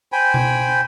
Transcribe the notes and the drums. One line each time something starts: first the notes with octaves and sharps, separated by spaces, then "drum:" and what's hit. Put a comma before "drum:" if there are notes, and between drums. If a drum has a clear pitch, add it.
C5 G5 G#5 B5
drum: tom B2